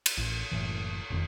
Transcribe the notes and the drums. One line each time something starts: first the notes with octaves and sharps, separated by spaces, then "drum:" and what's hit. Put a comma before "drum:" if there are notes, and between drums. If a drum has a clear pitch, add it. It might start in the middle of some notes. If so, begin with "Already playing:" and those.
drum: cymbal
A1
F#1 A2 E3
E1 F2 D#3